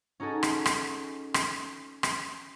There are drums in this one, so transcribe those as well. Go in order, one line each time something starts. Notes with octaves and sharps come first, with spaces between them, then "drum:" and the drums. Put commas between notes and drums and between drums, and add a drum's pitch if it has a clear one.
C#4 D#4 F#4 G#4 A4
drum: rim click
drum: rim click
drum: rim click
drum: rim click